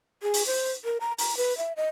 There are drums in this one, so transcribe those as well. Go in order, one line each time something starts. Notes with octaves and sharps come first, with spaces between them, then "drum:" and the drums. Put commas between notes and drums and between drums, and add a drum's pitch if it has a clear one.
G#4
drum: open hi-hat
C5
A#4
A#5
A#5, drum: open hi-hat
B4
E5
D#5